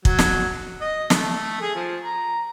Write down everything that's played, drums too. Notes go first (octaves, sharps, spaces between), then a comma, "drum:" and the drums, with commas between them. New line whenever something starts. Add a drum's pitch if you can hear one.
F#3, drum: kick
drum: snare
D#5
A3, drum: snare
G#4
F3
A#5